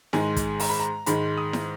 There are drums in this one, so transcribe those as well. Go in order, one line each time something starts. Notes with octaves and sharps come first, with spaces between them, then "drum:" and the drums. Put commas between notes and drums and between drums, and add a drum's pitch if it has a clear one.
G#2 D#3 G#3 G#5, drum: snare E4
drum: kick, hi-hat
A#5, drum: open hi-hat
B5
A#5
G#2 D#3 G#3 B5, drum: hi-hat
D#6
drum: snare E4